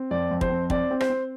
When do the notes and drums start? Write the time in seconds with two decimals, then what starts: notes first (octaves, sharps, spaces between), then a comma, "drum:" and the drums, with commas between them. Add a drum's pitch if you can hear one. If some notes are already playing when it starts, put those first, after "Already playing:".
Already playing: C4
0.11 F2 D5
0.31 F2
0.41 C5, drum: kick
0.50 C4
0.70 C4 D5, drum: kick
0.90 C4
1.00 C5, drum: rim click
1.10 C4